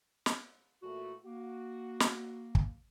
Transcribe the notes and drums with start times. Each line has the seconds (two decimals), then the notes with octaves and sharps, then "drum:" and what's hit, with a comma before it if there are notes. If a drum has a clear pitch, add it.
0.26 drum: snare
0.82 A#2 E3 A3 F#4
1.25 A#3 F#4
2.00 drum: snare
2.55 drum: kick